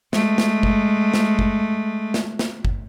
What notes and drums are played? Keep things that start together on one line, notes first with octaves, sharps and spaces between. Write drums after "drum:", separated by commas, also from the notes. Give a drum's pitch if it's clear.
G#3 A3, drum: snare
drum: snare
drum: kick G1
drum: snare
drum: kick G1
drum: snare
drum: snare
drum: kick G1